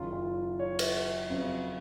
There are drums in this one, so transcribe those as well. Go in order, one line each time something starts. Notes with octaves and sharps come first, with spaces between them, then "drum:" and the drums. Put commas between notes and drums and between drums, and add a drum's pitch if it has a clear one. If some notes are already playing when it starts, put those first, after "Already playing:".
Already playing: F#1 F#2 D#3 F#3 F4
F4
C#5
drum: cymbal
F2 C#3 F#3 C4